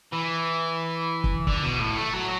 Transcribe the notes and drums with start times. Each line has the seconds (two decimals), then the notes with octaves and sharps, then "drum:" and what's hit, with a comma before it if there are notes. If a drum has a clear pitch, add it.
0.12 E3
1.24 drum: kick
1.47 D3, drum: kick
1.63 B2
1.80 A2
1.96 A3
2.13 F#3